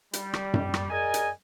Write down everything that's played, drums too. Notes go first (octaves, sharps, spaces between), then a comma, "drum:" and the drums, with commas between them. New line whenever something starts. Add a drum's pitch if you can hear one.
G3, drum: hi-hat
drum: rim click
drum: tom F#2
drum: rim click
G#4 A#4 D5 D#5 G#5
drum: hi-hat